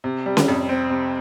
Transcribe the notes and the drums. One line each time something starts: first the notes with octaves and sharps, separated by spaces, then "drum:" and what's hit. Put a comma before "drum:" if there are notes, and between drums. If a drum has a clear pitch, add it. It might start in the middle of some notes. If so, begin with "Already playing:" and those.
C3
G3
drum: snare C#4
F2
C4
C3